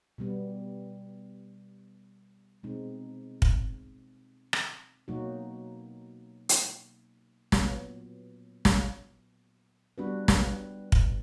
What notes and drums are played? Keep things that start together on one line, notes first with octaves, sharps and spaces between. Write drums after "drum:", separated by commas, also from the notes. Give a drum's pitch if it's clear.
B2 G3 B3
B2 G#3 C4 D#4
drum: kick
drum: rim click
B2 F#3 A#3 D#4 F#4
drum: hi-hat
A#2 F#3 B3, drum: snare
drum: snare
G3 B3 D4 F#4 B4
drum: snare
drum: kick